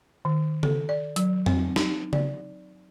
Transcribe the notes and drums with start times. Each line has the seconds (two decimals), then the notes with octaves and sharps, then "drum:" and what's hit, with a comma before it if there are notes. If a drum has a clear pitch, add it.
0.25 D#3
0.63 A4, drum: tom C#3
0.89 D5
1.16 F#3, drum: hi-hat
1.46 C4, drum: tom F2
1.76 D#4, drum: snare
2.13 D5, drum: tom C#3